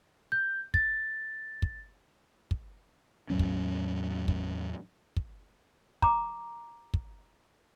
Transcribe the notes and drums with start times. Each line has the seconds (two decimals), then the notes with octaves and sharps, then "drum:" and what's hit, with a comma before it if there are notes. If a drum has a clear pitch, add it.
0.32 G6
0.74 A6, drum: kick
1.62 drum: kick
2.51 drum: kick
3.30 E2 A2 F#3 C#4
3.39 drum: kick
4.28 drum: kick
5.17 drum: kick
6.02 A#5 D6, drum: kick
6.94 drum: kick